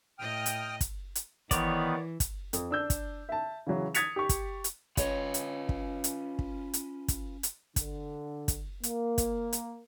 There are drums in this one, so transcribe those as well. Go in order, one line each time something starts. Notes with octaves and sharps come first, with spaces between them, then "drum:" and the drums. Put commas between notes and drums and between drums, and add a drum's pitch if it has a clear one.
A2 D#5 G5 D#6 F6
drum: hi-hat
drum: kick, hi-hat
drum: hi-hat
D#3 E3 B3 C#5 D5, drum: kick, hi-hat
drum: kick, hi-hat
F2, drum: hi-hat
D4 E6 G6
drum: kick, hi-hat
E5 A5
C#3 E3 F#3
D#6 G#6 A6 B6 C#7 F7, drum: hi-hat
G4 C#6
drum: kick, hi-hat
drum: hi-hat
C#4 F4 B4 C#5 D#5, drum: kick, hi-hat
drum: hi-hat
drum: kick
drum: hi-hat
drum: kick
drum: hi-hat
drum: kick, hi-hat
drum: hi-hat
D3, drum: kick, hi-hat
drum: kick, hi-hat
A#3, drum: hi-hat
drum: kick, hi-hat
drum: hi-hat